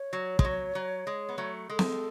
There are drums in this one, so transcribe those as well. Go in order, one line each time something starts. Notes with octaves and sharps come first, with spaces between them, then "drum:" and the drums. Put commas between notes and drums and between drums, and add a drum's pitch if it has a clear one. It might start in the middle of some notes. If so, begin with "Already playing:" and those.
Already playing: C#5
F#3
G#3, drum: kick
F#3
F#3
G#3
B3
F#3 A3
G#3 A4
drum: snare